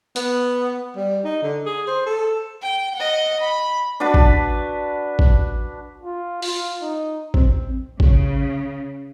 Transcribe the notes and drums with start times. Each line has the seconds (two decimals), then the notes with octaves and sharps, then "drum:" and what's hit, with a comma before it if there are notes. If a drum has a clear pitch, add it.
0.16 B3, drum: hi-hat
0.97 G3
1.24 D#4
1.43 D3
1.66 G#4
1.87 C5
2.06 A4
2.62 G5
2.96 D#5 F#5
3.40 B5
4.00 D4 F#4 B4 A5
4.14 drum: kick G#1
5.19 drum: kick G#1
6.03 F4
6.42 F4, drum: open hi-hat
6.82 D#4
7.34 C4, drum: kick G#1
8.00 C#3, drum: kick G#1